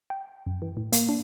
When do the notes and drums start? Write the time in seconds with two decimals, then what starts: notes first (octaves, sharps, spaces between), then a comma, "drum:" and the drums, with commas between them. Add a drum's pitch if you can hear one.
0.10 G5
0.46 F#2
0.62 E3
0.77 A2
0.92 A#3, drum: hi-hat
1.09 D4